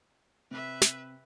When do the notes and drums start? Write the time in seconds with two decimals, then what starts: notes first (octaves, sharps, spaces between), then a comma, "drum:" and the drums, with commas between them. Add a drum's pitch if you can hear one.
0.51 C3 B4 E5
0.82 drum: snare